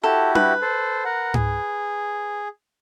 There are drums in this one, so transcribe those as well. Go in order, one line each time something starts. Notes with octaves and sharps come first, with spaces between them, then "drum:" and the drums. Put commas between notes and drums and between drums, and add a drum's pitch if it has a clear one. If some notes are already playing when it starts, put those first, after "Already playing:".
E4 F#4 G4 A4
B4, drum: tom D4
A4 C5
A#4 F#5
G#4, drum: tom G#2